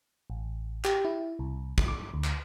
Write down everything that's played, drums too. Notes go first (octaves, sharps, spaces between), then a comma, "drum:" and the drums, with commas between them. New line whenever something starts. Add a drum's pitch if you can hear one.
A1
G4, drum: clap
E4
C2
drum: kick
D6
D2
drum: clap